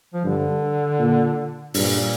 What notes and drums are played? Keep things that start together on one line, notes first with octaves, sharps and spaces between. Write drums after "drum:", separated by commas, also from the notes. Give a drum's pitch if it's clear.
F3
G2 D3
A#2
G2 A#2, drum: open hi-hat